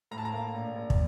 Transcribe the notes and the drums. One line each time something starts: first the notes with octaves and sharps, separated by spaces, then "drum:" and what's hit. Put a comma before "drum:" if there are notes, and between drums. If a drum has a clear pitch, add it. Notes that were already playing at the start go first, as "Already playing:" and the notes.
A2 A#5
A5
A#5
A#3
A#1
A#1
drum: kick